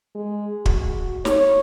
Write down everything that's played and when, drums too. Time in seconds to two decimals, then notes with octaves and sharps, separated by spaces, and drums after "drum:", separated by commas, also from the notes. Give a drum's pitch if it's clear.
0.15 G#3
0.66 F#4, drum: kick
1.25 C#5, drum: snare